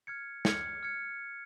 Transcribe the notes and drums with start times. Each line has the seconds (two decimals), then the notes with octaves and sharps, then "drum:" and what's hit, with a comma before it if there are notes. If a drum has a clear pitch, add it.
0.07 F6 G#6 C#7
0.45 F6 G#6 C#7, drum: snare
0.83 F6 G#6 C#7